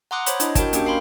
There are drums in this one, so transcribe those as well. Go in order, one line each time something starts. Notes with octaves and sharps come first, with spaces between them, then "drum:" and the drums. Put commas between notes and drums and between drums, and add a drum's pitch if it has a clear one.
F#5 A#5 C6 D6 D#6 F#6
C5 C#5 B5, drum: hi-hat
D4 E4 D#5, drum: hi-hat
F#4 A#4 D#5 G5 A5, drum: kick, hi-hat
A#3 C#4 D4 G4 G5, drum: hi-hat
A#4 F5 G5 B5 C6